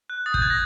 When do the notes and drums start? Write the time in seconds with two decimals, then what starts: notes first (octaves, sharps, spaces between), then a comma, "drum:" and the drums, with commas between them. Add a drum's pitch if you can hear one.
0.10 F#6
0.26 D#6 A6
0.34 G6, drum: kick
0.42 F#6 G#6
0.50 A#6